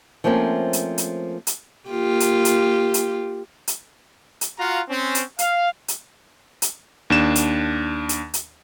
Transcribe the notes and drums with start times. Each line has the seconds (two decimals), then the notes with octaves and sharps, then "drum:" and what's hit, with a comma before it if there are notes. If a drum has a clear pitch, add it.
0.24 F3 A3 A#3 C4 C#4 A#4
0.73 drum: hi-hat
0.98 drum: hi-hat
1.47 drum: hi-hat
1.89 A#3 F4 G4
2.20 drum: hi-hat
2.45 drum: hi-hat
2.94 drum: hi-hat
3.67 drum: hi-hat
4.41 drum: hi-hat
4.58 F4 F#4 F5 F#5 A#5
4.89 C4 C#4
5.15 drum: hi-hat
5.39 F5, drum: hi-hat
5.88 drum: hi-hat
6.62 drum: hi-hat
7.10 D#2 D4 E7
7.35 drum: hi-hat
8.09 drum: hi-hat
8.34 drum: hi-hat